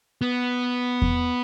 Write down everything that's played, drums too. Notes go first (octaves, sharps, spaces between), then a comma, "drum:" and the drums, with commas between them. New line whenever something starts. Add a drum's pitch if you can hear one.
B3
drum: kick E2